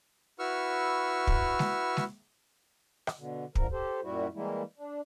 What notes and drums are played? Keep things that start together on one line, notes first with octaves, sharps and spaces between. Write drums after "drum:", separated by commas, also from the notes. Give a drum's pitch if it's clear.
E4 F#4 B4 C#6 E6 F6
drum: kick
drum: snare G#3
drum: snare G#3
drum: rim click
B2 D3
D3 F3 A#4, drum: kick
G4 A4 C5
F#2 A#2 G3 E4 F#4
E3 G3 G#3 A#3 E4
D4